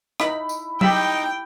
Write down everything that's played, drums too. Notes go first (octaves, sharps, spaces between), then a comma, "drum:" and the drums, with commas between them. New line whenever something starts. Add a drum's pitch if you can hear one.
D#4 E4 B5, drum: rim click
drum: tambourine
D#4 G4 G5 B5 E6, drum: tom F#3